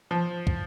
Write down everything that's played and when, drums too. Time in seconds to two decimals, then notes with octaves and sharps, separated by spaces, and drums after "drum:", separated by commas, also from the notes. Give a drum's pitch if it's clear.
0.11 F3
0.47 drum: kick